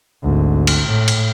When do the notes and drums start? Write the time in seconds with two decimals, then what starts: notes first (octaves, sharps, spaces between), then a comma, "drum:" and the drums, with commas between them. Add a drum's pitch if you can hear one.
0.23 G#1 D2
0.67 drum: cymbal
0.88 A2
1.08 drum: cymbal